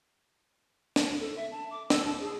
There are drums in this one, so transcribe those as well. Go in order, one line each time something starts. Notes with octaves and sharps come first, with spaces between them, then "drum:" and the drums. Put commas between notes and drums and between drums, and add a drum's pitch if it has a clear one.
drum: snare
A4
E5
A5
D6
E6, drum: snare
A5
G#4